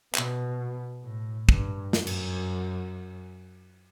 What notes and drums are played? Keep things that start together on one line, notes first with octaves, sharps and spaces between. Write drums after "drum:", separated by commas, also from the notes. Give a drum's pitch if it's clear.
B2, drum: clap
A2
G2, drum: kick
F#2, drum: snare
drum: cymbal